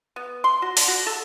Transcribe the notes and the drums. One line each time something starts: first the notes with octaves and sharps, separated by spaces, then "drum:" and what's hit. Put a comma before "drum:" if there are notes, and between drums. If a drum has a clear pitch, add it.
B3
C6
F#4
D3, drum: open hi-hat
F#4
A4